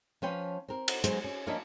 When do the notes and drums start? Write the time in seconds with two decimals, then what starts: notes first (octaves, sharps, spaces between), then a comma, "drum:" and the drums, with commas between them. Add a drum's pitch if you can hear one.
0.22 F3 C#4 B4 C#5 G5
0.68 C4 A#4
0.88 drum: cymbal
1.04 F#3 G#3 B3 C#4 C5, drum: hi-hat
1.24 C#4
1.47 F3 A#3 C#4 D4 D#5 E5